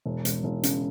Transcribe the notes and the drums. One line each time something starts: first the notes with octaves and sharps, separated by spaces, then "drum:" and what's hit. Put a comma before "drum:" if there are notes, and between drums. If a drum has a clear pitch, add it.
E1
E1, drum: hi-hat
E1
C#3, drum: hi-hat